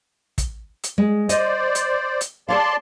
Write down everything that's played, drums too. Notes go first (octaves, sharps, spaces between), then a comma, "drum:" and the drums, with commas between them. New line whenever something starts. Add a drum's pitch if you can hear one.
drum: kick, hi-hat
drum: hi-hat
G#3
C5 D5 D#5, drum: hi-hat
drum: hi-hat
drum: hi-hat
A4 C#5 D5 F5 A5 C6